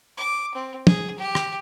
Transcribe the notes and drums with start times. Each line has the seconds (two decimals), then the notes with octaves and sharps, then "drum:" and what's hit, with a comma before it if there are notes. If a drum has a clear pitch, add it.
0.17 D6
0.54 C4
0.87 G#4, drum: tom
1.18 G4
1.35 drum: rim click